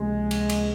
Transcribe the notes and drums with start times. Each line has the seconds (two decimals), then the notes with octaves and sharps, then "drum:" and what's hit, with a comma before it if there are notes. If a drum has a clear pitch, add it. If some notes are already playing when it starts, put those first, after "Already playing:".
Already playing: C#2 C3 F3 G#3 A#3 C#4
0.31 drum: cymbal
0.49 drum: cymbal